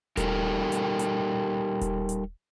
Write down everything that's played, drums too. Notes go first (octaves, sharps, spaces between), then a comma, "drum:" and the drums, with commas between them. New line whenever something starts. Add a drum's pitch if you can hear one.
G3 D#4 G4 A4 A#4, drum: kick D#1, hi-hat
drum: hi-hat
drum: hi-hat
drum: kick D#1, hi-hat
drum: hi-hat